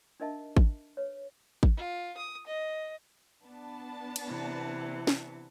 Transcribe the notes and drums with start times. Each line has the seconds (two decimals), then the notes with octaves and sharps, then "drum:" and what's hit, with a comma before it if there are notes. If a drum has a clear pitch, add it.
0.20 D4 D#4 A#4 D#5 E5 A5
0.57 drum: kick G#1
0.97 B4 C#5
1.63 drum: kick G#1
1.77 F4
2.17 D#6
2.47 D#5
3.43 B3 D4 A5
4.16 drum: cymbal
4.27 C3 E3
5.07 drum: snare